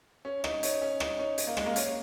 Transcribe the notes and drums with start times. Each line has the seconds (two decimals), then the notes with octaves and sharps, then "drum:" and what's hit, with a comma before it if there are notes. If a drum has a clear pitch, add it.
0.25 C#4
0.44 D#4, drum: rim click
0.63 C#4, drum: hi-hat
0.82 C#4
1.00 D#4, drum: rim click
1.19 C#4
1.38 drum: hi-hat
1.47 A#3
1.57 G#3, drum: rim click
1.66 A#3
1.76 C#4, drum: hi-hat